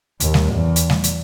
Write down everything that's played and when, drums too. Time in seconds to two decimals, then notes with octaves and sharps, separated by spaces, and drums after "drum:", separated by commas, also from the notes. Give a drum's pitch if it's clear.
0.20 D#2, drum: hi-hat
0.34 drum: snare G3
0.53 E2
0.76 drum: hi-hat
0.90 drum: snare G3
1.04 drum: hi-hat